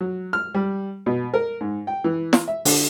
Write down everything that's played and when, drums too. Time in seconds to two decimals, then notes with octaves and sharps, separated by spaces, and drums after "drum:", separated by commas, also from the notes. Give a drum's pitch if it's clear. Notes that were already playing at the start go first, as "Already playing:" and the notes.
0.01 F#3
0.33 F6
0.54 G3
1.06 B2
1.34 A#4
1.61 G#2
1.87 G5
2.04 E3
2.33 drum: snare
2.48 E5
2.65 D3, drum: open hi-hat